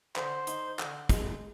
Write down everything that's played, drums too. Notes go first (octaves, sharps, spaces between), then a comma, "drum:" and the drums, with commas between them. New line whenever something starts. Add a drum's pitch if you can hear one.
D3 C5, drum: clap
D#4, drum: hi-hat
D3, drum: clap
G#3, drum: kick, hi-hat